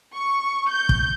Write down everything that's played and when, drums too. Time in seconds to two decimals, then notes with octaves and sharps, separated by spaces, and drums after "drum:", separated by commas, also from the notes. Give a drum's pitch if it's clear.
0.13 C#6
0.69 G6
0.89 drum: kick